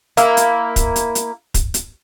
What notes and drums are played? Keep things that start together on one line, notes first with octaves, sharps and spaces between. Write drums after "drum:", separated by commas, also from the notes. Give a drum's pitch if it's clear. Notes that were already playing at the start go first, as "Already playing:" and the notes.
A#3 E4, drum: hi-hat
drum: hi-hat
drum: kick, hi-hat
drum: hi-hat
drum: hi-hat
drum: kick, hi-hat
drum: hi-hat